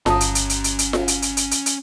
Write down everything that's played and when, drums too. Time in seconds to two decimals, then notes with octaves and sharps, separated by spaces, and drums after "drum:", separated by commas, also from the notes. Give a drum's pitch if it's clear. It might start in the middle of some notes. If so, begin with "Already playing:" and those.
0.06 G1 C#4 A5 A#5 D#6, drum: snare F4
0.20 drum: hi-hat
0.35 drum: hi-hat
0.50 drum: hi-hat
0.64 drum: hi-hat
0.79 drum: hi-hat
0.93 drum: snare F4
1.08 drum: hi-hat
1.22 drum: hi-hat
1.37 drum: hi-hat
1.51 drum: hi-hat
1.66 drum: hi-hat